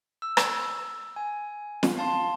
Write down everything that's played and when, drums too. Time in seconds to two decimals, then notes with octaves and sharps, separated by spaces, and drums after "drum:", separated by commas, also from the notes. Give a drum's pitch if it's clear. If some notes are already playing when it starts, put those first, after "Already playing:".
0.22 E6
0.37 drum: rim click
1.16 G#5
1.83 drum: snare
1.97 F5 A5 C6